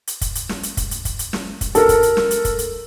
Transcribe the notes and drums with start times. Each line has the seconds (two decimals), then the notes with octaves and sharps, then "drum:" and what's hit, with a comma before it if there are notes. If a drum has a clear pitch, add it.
0.07 drum: hi-hat
0.21 drum: kick, hi-hat
0.35 drum: hi-hat
0.49 drum: snare
0.63 drum: hi-hat
0.77 drum: kick, hi-hat
0.91 drum: hi-hat
1.05 drum: kick, hi-hat
1.19 drum: hi-hat
1.33 drum: snare
1.61 drum: kick, hi-hat
1.75 A4 A#4, drum: hi-hat
1.89 drum: kick, hi-hat
2.03 drum: hi-hat
2.17 drum: snare
2.31 drum: hi-hat
2.45 drum: kick, hi-hat
2.59 drum: hi-hat